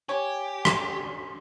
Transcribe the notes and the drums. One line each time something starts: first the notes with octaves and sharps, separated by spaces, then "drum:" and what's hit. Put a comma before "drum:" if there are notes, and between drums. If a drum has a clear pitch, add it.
G4 C#5 G#5
drum: rim click